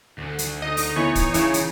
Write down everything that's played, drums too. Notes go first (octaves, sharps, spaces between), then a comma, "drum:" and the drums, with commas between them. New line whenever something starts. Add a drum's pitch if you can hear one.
D2 D3
drum: hi-hat
D#4 D#5
drum: open hi-hat
E3 B3 C#5
drum: kick, hi-hat
C#3 E3, drum: hi-hat
drum: hi-hat